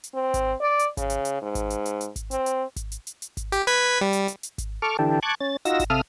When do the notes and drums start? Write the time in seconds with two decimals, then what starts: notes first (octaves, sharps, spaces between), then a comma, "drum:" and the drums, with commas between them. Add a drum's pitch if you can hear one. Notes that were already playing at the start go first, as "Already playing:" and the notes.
0.04 drum: hi-hat
0.14 C4
0.34 drum: kick G#1, hi-hat
0.61 D5
0.79 drum: hi-hat
0.97 C#3, drum: kick G#1, hi-hat
1.10 drum: hi-hat
1.25 drum: hi-hat
1.42 G#2
1.55 drum: kick G#1, hi-hat
1.70 drum: hi-hat
1.85 drum: hi-hat
2.01 drum: hi-hat
2.16 drum: kick G#1, hi-hat
2.31 C4, drum: hi-hat
2.46 drum: hi-hat
2.76 drum: kick G#1, hi-hat
2.92 drum: hi-hat
3.07 drum: hi-hat
3.22 drum: hi-hat
3.37 drum: kick G#1, hi-hat
3.52 G4, drum: hi-hat
3.67 B4 G#6 B6, drum: hi-hat
4.01 G3
4.13 drum: hi-hat
4.28 drum: hi-hat
4.43 drum: hi-hat
4.58 drum: kick G#1, hi-hat
4.82 A4 C#6 D6 F6
4.99 D3 E3 G4 A4
5.23 A5 C#6 D6 F#6 G#6
5.40 C#4 A6
5.65 D#4 F4 F#4 E6 A#6, drum: hi-hat
5.80 drum: kick G#1, hi-hat
5.90 C3 A4 E5 F5 D#6 F6